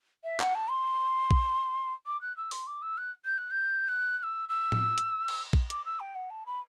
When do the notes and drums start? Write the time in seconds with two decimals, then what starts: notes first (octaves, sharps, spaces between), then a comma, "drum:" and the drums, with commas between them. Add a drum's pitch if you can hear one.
0.24 E5
0.40 F#5, drum: clap
0.55 A5
0.70 C6
1.31 drum: kick A#1
2.06 D6
2.21 F#6
2.37 E6
2.51 C6, drum: open hi-hat
2.67 D6
2.82 E6
2.97 F#6
3.25 G6
3.38 F#6
3.51 G6
3.88 F#6
4.18 F#6
4.23 E6
4.49 E6
4.72 drum: tom A2
4.98 drum: hi-hat
5.28 drum: cymbal
5.53 drum: kick A#1
5.70 D6, drum: hi-hat
5.85 E6
6.00 G5
6.15 F#5
6.30 A5
6.46 B5